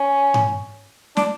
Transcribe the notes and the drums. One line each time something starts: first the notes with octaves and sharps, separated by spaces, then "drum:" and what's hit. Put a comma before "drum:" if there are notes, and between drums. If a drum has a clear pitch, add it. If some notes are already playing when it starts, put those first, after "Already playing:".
Already playing: C#4
drum: tom G#2
D4, drum: snare